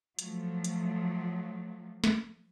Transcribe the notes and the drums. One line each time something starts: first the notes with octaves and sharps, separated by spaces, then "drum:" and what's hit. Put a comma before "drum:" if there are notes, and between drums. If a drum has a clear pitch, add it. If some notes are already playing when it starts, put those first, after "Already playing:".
F3 F#3 A3, drum: hi-hat
drum: hi-hat
drum: snare